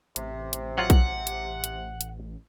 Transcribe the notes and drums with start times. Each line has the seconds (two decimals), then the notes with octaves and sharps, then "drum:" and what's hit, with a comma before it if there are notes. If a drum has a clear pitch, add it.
0.16 A1 C3, drum: hi-hat
0.53 drum: hi-hat
0.78 F#3 F4 F#5
0.90 drum: kick B1, hi-hat
1.27 drum: hi-hat
1.64 drum: hi-hat
2.01 drum: hi-hat